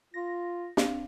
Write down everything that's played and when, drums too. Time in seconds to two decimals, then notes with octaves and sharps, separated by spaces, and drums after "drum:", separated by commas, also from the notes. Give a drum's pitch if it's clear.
0.14 F4 A#6
0.77 C4 D4 F5, drum: snare